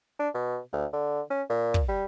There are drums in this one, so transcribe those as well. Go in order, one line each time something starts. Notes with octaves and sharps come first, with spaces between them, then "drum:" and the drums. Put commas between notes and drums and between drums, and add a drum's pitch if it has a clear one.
D4
B2
D2
D3
C#4
A#2
drum: kick
G3